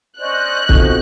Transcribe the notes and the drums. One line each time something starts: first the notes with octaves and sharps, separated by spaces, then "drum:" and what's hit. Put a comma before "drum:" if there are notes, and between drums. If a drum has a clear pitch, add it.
C#4 C5 D5 D#5 F#6 G6
B2 F3 C4 D#4 A4, drum: kick